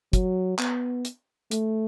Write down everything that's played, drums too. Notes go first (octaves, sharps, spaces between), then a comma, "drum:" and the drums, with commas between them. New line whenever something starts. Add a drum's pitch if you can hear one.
F#3, drum: kick, hi-hat
B3, drum: clap
drum: hi-hat
A3, drum: hi-hat